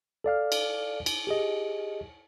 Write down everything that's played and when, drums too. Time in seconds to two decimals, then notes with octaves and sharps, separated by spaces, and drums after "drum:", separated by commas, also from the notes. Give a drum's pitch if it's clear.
0.24 A4 D5 F5 F6
0.52 drum: cymbal
1.06 drum: cymbal
1.27 G4 G#4 D#5